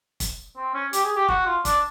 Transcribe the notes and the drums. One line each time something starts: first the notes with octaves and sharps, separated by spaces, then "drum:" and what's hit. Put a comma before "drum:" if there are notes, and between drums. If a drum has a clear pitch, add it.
drum: kick, hi-hat
C4
C#4
G4, drum: hi-hat
G#4
G4
F#4, drum: kick
F4
D4, drum: kick, hi-hat